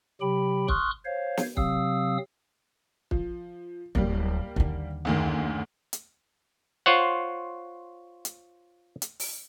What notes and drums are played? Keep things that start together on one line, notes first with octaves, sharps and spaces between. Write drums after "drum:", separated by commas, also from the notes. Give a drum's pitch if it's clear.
C3 F#3 G4 G5 B5
C6 C#6 D#6 F6 F#6, drum: kick
C5 C#5 F5
drum: snare
C3 F#3 C4 F5 D#6 E6, drum: kick
F3, drum: kick
D1 G3 A#3, drum: kick
D#2 D3, drum: kick
F#1 D2 D#3
drum: hi-hat
F4 C5 C#5 F#5
drum: hi-hat
drum: hi-hat
drum: open hi-hat